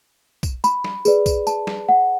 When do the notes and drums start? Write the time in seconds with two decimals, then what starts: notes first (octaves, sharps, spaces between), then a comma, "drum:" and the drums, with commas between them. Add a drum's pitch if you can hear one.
0.43 drum: kick, tambourine
0.64 B5, drum: tambourine
0.84 drum: snare
1.05 G#4 B4 D5, drum: tambourine
1.26 drum: kick, tambourine
1.47 A5, drum: tambourine
1.67 drum: snare
1.89 F#5